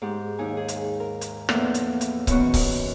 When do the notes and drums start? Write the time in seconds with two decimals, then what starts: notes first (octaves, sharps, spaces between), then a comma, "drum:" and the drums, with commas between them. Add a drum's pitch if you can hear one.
0.02 G#2 G4
0.39 D#2 D#4 G#5
0.57 G#4
0.68 drum: hi-hat
1.00 A#4
1.21 drum: hi-hat
1.49 E2 A2 F3 A#3, drum: rim click
1.74 drum: hi-hat
2.01 drum: hi-hat
2.27 F#2 D#3 B3 F#4 C#6, drum: kick C#1, hi-hat
2.54 drum: kick C#1, open hi-hat